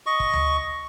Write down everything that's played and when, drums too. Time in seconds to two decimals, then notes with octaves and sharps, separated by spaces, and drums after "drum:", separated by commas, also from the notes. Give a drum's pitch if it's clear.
0.06 D#5 C#6
0.20 drum: kick
0.33 drum: tom D2